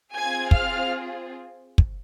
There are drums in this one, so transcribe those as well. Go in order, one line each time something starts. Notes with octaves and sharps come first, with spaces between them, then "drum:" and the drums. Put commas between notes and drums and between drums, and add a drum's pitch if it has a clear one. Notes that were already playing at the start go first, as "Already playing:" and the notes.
C4 F4 G#4 G#5 G#6
F5 F6, drum: kick
drum: kick